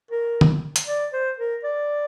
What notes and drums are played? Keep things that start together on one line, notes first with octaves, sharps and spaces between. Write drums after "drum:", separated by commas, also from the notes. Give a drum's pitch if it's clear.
A#4
drum: tom
drum: hi-hat
D5
C5
A#4
D5